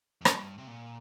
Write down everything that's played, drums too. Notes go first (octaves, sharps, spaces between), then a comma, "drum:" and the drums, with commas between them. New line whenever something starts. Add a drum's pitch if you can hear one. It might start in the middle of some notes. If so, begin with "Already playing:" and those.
F2
G2, drum: rim click
C3
A#2